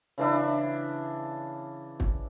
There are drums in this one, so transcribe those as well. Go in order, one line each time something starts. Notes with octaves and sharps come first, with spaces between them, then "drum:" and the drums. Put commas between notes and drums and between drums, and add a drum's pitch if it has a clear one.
C#3 E3 D4 E4
drum: kick